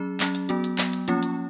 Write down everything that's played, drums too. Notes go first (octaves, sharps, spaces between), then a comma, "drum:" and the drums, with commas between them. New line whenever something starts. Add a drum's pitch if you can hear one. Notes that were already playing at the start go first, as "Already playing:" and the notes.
Already playing: F#3 C#4 G#4
F#3 C#4, drum: clap
drum: hi-hat
F#3 B3 F#4, drum: hi-hat
drum: hi-hat
F#3 B3, drum: clap
drum: hi-hat
F3 A#3 C#4 F4, drum: hi-hat
drum: hi-hat